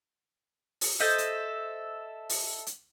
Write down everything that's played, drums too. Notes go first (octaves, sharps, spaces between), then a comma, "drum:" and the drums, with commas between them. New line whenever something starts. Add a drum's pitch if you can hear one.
drum: open hi-hat
A4 C5 D#5 E5
drum: hi-hat
drum: open hi-hat
drum: hi-hat